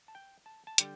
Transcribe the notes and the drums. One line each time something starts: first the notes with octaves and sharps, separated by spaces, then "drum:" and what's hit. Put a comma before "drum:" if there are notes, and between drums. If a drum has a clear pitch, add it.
A5
G5
A5
A5
D3 G3 G5, drum: hi-hat